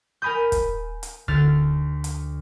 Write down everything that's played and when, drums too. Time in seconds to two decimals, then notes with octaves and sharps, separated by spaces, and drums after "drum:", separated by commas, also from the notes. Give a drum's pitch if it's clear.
0.22 A#4 G#5 B5 D#6 G6
0.52 drum: kick, hi-hat
1.03 drum: hi-hat
1.28 D2 A3 F6 A6, drum: kick
2.04 drum: hi-hat